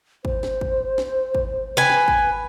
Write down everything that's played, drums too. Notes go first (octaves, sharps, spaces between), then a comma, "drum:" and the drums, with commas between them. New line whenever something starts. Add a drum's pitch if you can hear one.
C5, drum: kick
drum: snare
drum: kick
drum: snare
drum: kick
B4 G#5
drum: snare
drum: kick